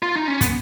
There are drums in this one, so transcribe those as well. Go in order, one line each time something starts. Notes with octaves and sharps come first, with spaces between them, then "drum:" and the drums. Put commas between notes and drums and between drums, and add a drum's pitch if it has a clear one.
F4
D#4
C#4
B3, drum: kick, hi-hat